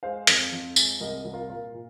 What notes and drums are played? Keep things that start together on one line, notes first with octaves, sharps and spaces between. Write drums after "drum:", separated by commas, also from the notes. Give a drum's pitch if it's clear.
G#3 C5 F5
F2, drum: hi-hat
F2
G#3, drum: tambourine
C2 A#4 D#5
C2
F4 A#4
A#2 F4 A#4
A#2